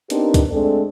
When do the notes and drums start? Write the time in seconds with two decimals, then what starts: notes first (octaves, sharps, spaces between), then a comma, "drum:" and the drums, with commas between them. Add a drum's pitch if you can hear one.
0.10 B3 C4 D4 D#4 G4 A#4, drum: hi-hat
0.34 drum: kick, hi-hat
0.52 G#3 A3 C4 D4 A4